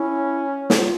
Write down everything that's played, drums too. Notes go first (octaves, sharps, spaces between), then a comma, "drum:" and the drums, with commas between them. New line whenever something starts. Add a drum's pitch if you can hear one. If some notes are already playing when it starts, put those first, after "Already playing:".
Already playing: C#4 E4
F4, drum: snare